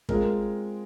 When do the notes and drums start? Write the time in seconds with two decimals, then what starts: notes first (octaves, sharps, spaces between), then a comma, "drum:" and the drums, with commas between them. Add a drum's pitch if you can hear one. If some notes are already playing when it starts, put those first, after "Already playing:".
0.09 G#3 C4 F4 G#4 A#4, drum: kick